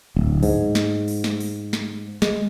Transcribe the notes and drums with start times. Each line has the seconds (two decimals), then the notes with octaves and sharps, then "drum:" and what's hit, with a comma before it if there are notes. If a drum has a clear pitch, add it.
0.16 D1
0.43 G#2, drum: open hi-hat
0.75 drum: snare
1.08 drum: open hi-hat
1.24 drum: snare
1.40 drum: open hi-hat
1.73 drum: snare
2.22 G#3, drum: snare